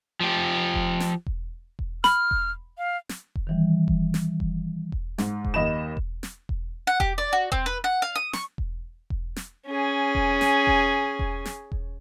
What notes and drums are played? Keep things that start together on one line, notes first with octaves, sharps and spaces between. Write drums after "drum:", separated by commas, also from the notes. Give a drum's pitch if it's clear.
F3 G4
drum: kick E1
drum: snare
drum: kick E1
drum: kick E1
B5 F6, drum: snare
drum: kick E1
F5
drum: snare
drum: kick E1
D#3 E3 G3
drum: kick E1
drum: snare
drum: kick E1
drum: kick E1
G#2, drum: snare
drum: kick E1
D#2 D#5 B5 E7
drum: kick E1
drum: snare
drum: kick E1
F#5
G4, drum: kick E1
D5
F#4
C4, drum: kick E1
B4
F#5
F5
D#6
C#6, drum: snare
drum: kick E1
drum: kick E1
drum: snare
C#4 G#4
drum: kick E1
drum: snare
drum: kick E1
drum: kick E1
drum: snare
drum: kick E1